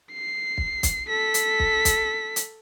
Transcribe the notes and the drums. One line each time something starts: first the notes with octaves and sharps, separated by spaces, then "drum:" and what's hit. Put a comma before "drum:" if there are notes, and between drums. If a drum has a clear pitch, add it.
C7
drum: kick
drum: kick, hi-hat
A4 B6
drum: hi-hat
drum: kick
drum: kick, hi-hat
drum: hi-hat